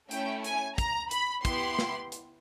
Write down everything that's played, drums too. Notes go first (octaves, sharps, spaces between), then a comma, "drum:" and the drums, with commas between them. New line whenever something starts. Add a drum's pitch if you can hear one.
A3 C#4 E4 G5, drum: hi-hat
G#5, drum: hi-hat
A#5, drum: kick, hi-hat
B5, drum: hi-hat
B3 E4 G4 C6, drum: kick, hi-hat
drum: snare
drum: hi-hat